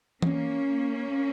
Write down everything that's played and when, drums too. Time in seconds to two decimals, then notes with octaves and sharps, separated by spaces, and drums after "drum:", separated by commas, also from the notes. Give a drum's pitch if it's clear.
0.22 A#3 C#4, drum: tom E3